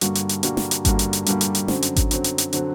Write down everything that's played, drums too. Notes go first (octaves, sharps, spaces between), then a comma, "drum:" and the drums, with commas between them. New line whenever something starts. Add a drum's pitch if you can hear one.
G2 D3 G3 A#3 F#4, drum: hi-hat
drum: hi-hat
drum: hi-hat
G2 D3 G3 A#3 F#4, drum: hi-hat
drum: snare
drum: hi-hat
G2 D3 G3 A#3 F#4, drum: kick G#1, hi-hat
drum: hi-hat
drum: hi-hat
G2 D3 G3 A#3 F#4, drum: hi-hat
drum: hi-hat
drum: hi-hat
F#2 D3 F#3 C4, drum: snare
drum: hi-hat
drum: kick G#1, hi-hat
F#2 D3 F#3 C4, drum: hi-hat
drum: hi-hat
drum: hi-hat
D3 F#3 C4, drum: hi-hat